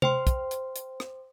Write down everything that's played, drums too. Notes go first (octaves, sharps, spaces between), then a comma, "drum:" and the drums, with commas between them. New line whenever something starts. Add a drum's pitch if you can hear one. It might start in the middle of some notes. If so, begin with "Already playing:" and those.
C5 G5 C6, drum: tom C3
drum: kick, hi-hat
drum: hi-hat
drum: hi-hat
drum: rim click